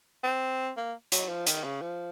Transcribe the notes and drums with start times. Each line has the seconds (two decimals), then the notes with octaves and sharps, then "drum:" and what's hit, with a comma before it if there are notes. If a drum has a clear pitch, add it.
0.23 C4
0.77 A#3
1.12 F#3, drum: hi-hat
1.29 F3
1.47 D#3, drum: hi-hat
1.64 C#3
1.82 F3